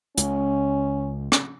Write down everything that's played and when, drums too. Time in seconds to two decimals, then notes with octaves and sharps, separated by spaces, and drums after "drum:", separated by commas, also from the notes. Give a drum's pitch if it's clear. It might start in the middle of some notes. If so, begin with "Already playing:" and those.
0.17 C#2 C#4, drum: hi-hat
1.32 drum: rim click